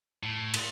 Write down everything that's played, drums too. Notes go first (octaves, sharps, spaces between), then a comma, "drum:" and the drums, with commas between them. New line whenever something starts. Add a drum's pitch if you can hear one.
A2
drum: cymbal